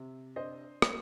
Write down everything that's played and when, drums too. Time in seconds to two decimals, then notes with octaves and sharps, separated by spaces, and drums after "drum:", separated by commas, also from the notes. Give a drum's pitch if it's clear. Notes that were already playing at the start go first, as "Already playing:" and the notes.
Already playing: C3
0.36 D4 C5 D#5
0.82 A#3, drum: rim click